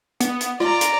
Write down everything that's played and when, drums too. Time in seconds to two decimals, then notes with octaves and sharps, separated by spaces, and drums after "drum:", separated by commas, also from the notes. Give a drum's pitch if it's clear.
0.20 B3, drum: hi-hat
0.41 drum: hi-hat
0.60 F4 D5 A#5, drum: rim click
0.81 drum: hi-hat